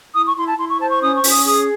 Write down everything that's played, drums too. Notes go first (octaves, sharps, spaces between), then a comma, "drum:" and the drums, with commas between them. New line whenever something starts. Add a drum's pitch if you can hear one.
E4 D#6
C#6
E4 C6
A5
E4 C6
C#6
C5 A5
C#6
C#4 D#6
C#6
C#4, drum: open hi-hat
D#6
G#4 D#6